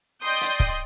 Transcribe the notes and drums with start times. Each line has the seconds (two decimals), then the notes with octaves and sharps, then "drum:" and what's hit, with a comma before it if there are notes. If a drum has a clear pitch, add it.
0.22 D5 D#5 G5 C6 D#6 G6
0.41 drum: hi-hat
0.60 drum: kick C#1